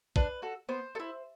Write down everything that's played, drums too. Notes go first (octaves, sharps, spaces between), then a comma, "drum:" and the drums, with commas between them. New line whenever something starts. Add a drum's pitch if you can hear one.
D4 B4, drum: kick
F#4 A4
B3 C5
A4
E4